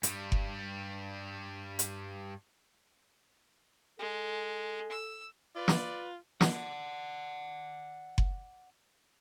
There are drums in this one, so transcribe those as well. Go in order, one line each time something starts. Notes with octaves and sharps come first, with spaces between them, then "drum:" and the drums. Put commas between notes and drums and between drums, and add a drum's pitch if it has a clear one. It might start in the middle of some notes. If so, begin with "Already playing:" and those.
G2 G3, drum: hi-hat
drum: kick F#1
drum: hi-hat
G#3 A4
E6
F4 B4 D5
drum: snare
D5 F#5, drum: snare
drum: kick F#1